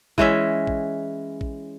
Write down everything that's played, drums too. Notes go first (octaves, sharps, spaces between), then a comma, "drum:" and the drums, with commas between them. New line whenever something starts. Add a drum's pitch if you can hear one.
E3 G#3 C#4 E5, drum: kick A1
drum: kick A1
drum: kick A1